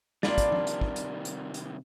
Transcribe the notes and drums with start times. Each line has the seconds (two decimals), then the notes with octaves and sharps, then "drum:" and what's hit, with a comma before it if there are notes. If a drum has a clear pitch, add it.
0.23 C3 D#3 G3 A#3 D4 F4 D5 B5, drum: snare
0.38 drum: kick, hi-hat
0.52 drum: tom F3
0.67 drum: hi-hat
0.81 drum: kick
0.96 drum: hi-hat
1.25 drum: hi-hat
1.54 drum: hi-hat